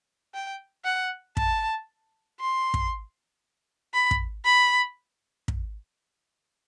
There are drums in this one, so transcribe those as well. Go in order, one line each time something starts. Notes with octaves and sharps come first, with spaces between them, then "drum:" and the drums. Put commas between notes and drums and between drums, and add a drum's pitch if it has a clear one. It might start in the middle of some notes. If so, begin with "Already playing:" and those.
G5
F#5
A5, drum: kick
C6
drum: kick
B5
drum: kick
B5
drum: kick